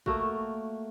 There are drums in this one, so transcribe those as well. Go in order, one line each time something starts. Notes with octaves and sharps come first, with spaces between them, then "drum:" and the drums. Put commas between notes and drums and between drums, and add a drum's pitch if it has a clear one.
A3 A#3 F#4, drum: kick